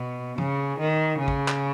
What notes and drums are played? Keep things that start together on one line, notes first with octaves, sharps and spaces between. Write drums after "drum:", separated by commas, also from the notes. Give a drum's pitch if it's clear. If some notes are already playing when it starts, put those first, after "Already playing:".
Already playing: B2
C#3, drum: tom
D#3
C#3
drum: kick
drum: clap